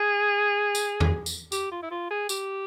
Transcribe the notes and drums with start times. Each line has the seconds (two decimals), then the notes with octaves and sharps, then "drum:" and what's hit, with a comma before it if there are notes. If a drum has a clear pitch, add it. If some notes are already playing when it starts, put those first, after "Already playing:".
Already playing: G#4
0.75 drum: tambourine
1.00 drum: tom E2
1.26 drum: tambourine
1.52 G4, drum: tambourine
1.71 F4
1.83 E4
1.91 F4
2.10 G#4
2.29 G4, drum: tambourine